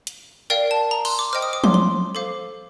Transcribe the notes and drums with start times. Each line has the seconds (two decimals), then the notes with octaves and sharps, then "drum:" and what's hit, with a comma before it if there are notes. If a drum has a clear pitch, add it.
0.07 drum: hi-hat
0.50 A#4 D5 F5 G5
0.71 A5
0.91 A#5
1.05 C6, drum: cymbal
1.19 D6
1.33 C5 D#5 G5 F6
1.42 D#6
1.53 D6
1.64 C6, drum: tom F3
1.74 C6
2.15 A4 C5 F5 D6